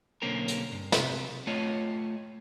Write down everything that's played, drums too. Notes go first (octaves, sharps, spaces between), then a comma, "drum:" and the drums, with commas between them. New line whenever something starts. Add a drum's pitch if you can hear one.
B1 D3 A#3 C4 C#4 A#4
drum: hi-hat
G2
C3, drum: snare
A3 F4 C#5 D#5